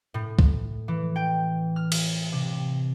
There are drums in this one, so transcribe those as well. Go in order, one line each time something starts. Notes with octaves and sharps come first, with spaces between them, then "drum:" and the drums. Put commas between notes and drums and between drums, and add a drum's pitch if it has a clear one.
A2
drum: kick C2
E3
G5
F6
drum: cymbal
C3